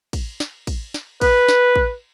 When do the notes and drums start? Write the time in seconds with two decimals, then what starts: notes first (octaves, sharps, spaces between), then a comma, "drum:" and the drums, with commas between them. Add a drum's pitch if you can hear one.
0.13 drum: kick, cymbal
0.40 drum: snare
0.67 drum: kick, cymbal
0.94 drum: snare
1.21 B4, drum: kick, cymbal
1.49 drum: snare
1.76 drum: kick